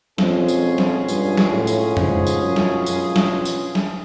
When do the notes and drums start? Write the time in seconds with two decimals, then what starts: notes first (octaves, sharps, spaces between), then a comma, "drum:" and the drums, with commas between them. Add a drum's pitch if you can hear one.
0.18 F2 B2 G#3 C#4 F4 G#4, drum: snare F#3
0.48 drum: tambourine
0.78 drum: snare F#3
1.08 G2, drum: tambourine
1.37 drum: snare F#3
1.53 A2
1.67 drum: tambourine
1.97 G#2, drum: tom F2
2.27 drum: tambourine
2.42 F#2
2.56 drum: snare F#3
2.86 F#2, drum: tambourine
3.16 drum: snare F#3
3.45 drum: tambourine
3.75 drum: snare F#3